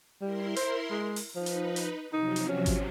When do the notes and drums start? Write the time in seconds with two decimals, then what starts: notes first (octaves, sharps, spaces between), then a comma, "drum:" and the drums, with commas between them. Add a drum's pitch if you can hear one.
0.21 G3 E4 A#4 C6
0.56 C5, drum: hi-hat
0.90 G#3
1.16 drum: open hi-hat
1.36 F3 D#4 B4
1.46 drum: hi-hat
1.76 drum: hi-hat
2.13 C3 F3 F#3 D#4
2.36 drum: hi-hat
2.49 C#4
2.66 drum: kick G#1, hi-hat